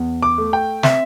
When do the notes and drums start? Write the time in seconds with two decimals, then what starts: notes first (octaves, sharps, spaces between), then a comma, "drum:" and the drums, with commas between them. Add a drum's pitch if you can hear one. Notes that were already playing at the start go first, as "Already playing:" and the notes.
Already playing: E2
0.23 D6
0.38 A3
0.53 G5
0.83 C4 E5, drum: snare